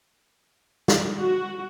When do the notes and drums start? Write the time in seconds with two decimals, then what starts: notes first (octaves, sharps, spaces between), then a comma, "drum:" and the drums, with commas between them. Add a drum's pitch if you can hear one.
0.88 drum: snare
1.19 F#4